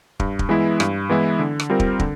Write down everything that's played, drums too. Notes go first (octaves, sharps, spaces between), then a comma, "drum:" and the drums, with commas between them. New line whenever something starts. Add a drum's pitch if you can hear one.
G2, drum: kick
drum: kick
E3 G#3 B3 E4
G2, drum: rim click
E3 G#3 B3 E4
D3
drum: rim click
G3 C4 F4 A#4
drum: kick
D3, drum: kick